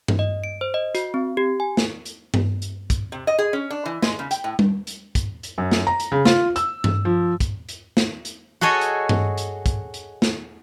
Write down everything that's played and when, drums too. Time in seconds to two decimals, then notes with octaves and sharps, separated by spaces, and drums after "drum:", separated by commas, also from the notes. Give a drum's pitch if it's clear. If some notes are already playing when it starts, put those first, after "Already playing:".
0.08 drum: tom G2
0.19 D#5
0.44 D7
0.61 C5
0.74 D#5
0.95 F#4, drum: hi-hat
1.14 C4
1.37 G4
1.60 G#5
1.77 drum: snare
2.06 drum: hi-hat
2.34 drum: tom G2
2.62 drum: hi-hat
2.90 drum: kick, hi-hat
3.12 C3
3.27 D#5
3.38 G#4
3.53 C#4
3.70 D4
3.86 E3
4.02 G#3, drum: snare
4.19 C#3
4.31 G5, drum: hi-hat
4.44 A2
4.59 drum: tom G3
4.87 drum: hi-hat
5.15 drum: kick, hi-hat
5.43 drum: hi-hat
5.58 F#2
5.72 drum: snare
5.87 A#5
6.00 drum: hi-hat
6.12 C#3
6.25 F4, drum: snare
6.56 E6, drum: hi-hat
6.84 drum: tom G2
7.05 F3
7.40 drum: kick, hi-hat
7.69 drum: hi-hat
7.97 drum: snare
8.25 drum: hi-hat
8.61 F#4 G#4 A4 C#5 D#5
8.81 drum: hi-hat
9.09 drum: tom G2
9.38 drum: hi-hat
9.66 drum: kick, hi-hat
9.94 drum: hi-hat
10.22 drum: snare